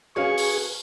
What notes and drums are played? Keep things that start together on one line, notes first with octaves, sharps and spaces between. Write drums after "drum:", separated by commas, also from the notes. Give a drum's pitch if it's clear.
C#4 F#4 G#4 B4 F5 G#5 C#6
drum: open hi-hat